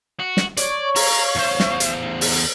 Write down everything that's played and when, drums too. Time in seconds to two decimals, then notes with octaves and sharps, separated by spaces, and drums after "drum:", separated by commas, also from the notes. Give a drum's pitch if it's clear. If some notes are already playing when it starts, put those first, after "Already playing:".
0.20 F#4
0.37 drum: snare
0.57 C#5 D5 C#6, drum: hi-hat
0.96 F5 A#5, drum: open hi-hat
1.36 E2 C5
1.60 drum: snare
1.80 drum: hi-hat
2.21 drum: open hi-hat